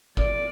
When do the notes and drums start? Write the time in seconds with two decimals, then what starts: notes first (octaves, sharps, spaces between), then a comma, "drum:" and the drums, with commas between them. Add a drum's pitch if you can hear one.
0.17 D5, drum: kick